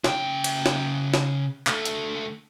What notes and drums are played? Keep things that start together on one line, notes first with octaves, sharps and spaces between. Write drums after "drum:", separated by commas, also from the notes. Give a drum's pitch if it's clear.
C#3 G5, drum: snare
drum: cymbal
drum: snare
drum: snare
D3 A3, drum: clap
drum: hi-hat